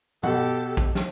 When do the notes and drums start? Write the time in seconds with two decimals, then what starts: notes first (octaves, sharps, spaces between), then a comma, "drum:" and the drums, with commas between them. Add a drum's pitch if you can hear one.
0.23 B2 G4 A4 F#5, drum: tom G2
0.77 drum: kick
0.95 drum: snare